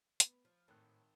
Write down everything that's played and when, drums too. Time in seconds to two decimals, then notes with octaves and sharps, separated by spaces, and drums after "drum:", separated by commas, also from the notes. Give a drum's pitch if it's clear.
0.20 B3, drum: hi-hat
0.45 F3
0.68 G#1 A2 D#3 F#6